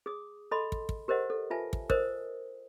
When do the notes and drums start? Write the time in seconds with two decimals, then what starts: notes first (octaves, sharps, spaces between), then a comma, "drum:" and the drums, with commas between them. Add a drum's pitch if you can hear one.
0.06 G#4 D#6
0.51 A4 D#5 A5 B5 C6
0.72 drum: kick
0.89 drum: kick
1.08 G4 A#4 C5 D#5 F#5
1.30 A4
1.50 F4 B4 E5 G#5 A5
1.73 drum: kick
1.90 A#4 C5 D#5 D#6, drum: kick